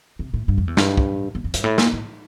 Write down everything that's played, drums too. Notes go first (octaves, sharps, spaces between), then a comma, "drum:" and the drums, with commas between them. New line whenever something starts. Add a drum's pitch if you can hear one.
C3
A2
G2
F2
E2
G2, drum: snare
drum: kick
E2
F2
G2, drum: hi-hat
A2
A#2, drum: snare
A2